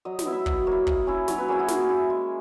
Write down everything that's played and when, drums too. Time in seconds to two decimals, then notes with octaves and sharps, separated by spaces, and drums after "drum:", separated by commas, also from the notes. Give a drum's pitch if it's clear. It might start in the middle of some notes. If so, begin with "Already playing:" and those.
0.05 F#3 D#5
0.19 D#5, drum: snare
0.25 B3 E4
0.32 E5
0.46 F#3 D#5, drum: kick
0.67 A#3 E4 C#5
0.87 A#3 D#5, drum: kick
1.07 C#4 E4
1.28 F#3 C#5, drum: snare
1.38 B4
1.48 A#3 C#4 E4 G#4
1.59 F#4
1.68 A#3 G#4, drum: snare
1.90 E4
2.10 G#3